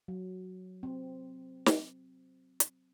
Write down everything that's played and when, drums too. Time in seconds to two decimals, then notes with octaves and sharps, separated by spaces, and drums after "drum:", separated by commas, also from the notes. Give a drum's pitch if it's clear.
0.08 F#3
0.83 C4
1.66 drum: snare
2.60 drum: hi-hat